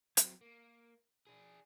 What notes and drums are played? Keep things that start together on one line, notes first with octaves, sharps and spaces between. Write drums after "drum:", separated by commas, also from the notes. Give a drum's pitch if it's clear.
F#3 C4, drum: hi-hat
A#3
D4 G#4